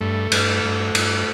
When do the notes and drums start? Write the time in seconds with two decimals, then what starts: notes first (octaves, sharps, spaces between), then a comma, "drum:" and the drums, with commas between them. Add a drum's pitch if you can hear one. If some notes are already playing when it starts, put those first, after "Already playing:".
0.01 G2 A3
0.32 G2, drum: cymbal
0.64 G2
0.95 G2, drum: cymbal